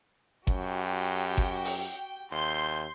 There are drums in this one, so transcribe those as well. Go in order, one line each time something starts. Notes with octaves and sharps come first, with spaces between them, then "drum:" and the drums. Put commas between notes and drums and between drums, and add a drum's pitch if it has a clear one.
F#2 F#4 G4 G5, drum: kick G1
drum: kick G1
drum: open hi-hat
D#2 C6 G6